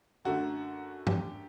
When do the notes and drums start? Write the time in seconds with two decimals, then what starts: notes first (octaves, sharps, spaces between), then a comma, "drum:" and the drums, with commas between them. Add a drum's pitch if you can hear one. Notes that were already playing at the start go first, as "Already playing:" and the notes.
0.25 F#2 D3 A3 F#4
1.07 G4, drum: tom